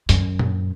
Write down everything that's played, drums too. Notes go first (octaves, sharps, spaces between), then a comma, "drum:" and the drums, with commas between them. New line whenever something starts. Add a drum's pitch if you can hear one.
F#2, drum: hi-hat
drum: tom A#2